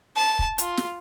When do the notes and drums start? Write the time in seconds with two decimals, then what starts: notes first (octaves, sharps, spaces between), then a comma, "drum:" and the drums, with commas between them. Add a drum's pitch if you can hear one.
0.16 A5
0.39 drum: kick
0.58 F4, drum: hi-hat
0.77 drum: snare